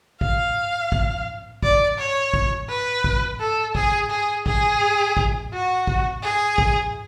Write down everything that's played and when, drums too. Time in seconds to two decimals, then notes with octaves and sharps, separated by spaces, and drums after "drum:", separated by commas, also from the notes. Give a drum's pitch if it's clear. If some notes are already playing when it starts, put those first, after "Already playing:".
0.21 F5, drum: kick
0.92 drum: kick
1.63 D5, drum: kick
1.98 C#5
2.34 drum: kick
2.69 B4
3.04 drum: kick
3.40 A4
3.75 G#4, drum: kick
4.10 G#4
4.46 G#4, drum: kick
5.17 drum: kick
5.52 F#4
5.87 drum: kick
6.23 G#4
6.58 drum: kick